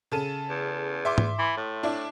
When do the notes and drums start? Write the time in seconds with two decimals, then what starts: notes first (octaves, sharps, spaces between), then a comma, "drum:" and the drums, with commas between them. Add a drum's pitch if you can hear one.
0.12 C#3 A4 D#7
0.49 E2
1.05 E5 C6 D6
1.18 drum: tom G#2
1.39 E3
1.57 A2
1.83 D4 E4